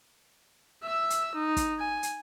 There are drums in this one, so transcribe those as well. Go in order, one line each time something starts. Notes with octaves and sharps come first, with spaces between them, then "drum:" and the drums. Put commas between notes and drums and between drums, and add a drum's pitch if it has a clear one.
E5 E6
drum: hi-hat
D#4
drum: kick, hi-hat
G#5
drum: hi-hat